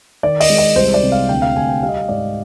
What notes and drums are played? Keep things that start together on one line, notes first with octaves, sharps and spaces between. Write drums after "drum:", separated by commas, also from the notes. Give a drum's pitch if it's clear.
D#3 D5
D#5, drum: open hi-hat
G#3
D#5
C2 C5
D5
C3
F5
D2 G5
F5
D2 G#5
G5
G3 F5
D#5
F5
G#2 D5